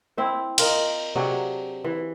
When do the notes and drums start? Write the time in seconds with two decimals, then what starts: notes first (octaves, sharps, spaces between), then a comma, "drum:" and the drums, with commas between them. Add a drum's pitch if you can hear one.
0.17 C4 E4 C5
0.58 F4 A#4 D#5, drum: cymbal
1.16 C3 F#3 D4 G#4
1.84 E3